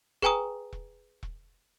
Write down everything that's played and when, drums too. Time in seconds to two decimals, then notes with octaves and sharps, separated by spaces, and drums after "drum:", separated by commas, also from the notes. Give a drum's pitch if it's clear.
0.22 G#4 B4 G5 G#5 A#5 D#6, drum: kick E1
0.73 drum: kick E1
1.23 drum: kick E1